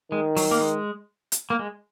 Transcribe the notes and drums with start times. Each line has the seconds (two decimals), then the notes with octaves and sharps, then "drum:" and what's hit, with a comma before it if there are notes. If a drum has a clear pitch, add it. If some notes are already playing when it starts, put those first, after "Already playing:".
0.12 D#3 G#3
0.36 F#3, drum: open hi-hat
0.51 A#3
0.61 G#3
1.32 drum: hi-hat
1.50 A#3
1.59 G#3